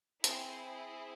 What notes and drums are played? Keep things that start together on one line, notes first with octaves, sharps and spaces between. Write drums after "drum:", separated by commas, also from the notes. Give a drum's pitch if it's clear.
C4 E4 G#4 C5, drum: hi-hat